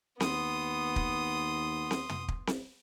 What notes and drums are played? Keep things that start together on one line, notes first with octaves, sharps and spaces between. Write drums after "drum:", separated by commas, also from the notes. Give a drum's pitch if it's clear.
D#2 B3 C6 D#6, drum: snare C4
drum: kick
drum: snare C4
drum: tom
drum: kick
drum: snare C4